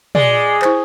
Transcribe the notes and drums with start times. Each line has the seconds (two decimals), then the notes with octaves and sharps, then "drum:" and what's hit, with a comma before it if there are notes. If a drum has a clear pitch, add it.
0.15 G#3 D5, drum: tom
0.62 E4 C5, drum: clap